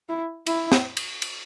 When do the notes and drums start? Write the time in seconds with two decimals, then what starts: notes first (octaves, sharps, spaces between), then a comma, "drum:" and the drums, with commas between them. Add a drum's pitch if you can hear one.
0.09 E4
0.47 E4, drum: cymbal
0.72 drum: snare
0.97 drum: cymbal
1.22 drum: cymbal